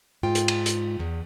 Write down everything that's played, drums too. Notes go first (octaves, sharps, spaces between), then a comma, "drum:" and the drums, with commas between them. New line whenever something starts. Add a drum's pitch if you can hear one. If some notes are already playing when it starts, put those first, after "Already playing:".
G#2 F4 G5
drum: hi-hat
drum: cymbal
drum: hi-hat
E2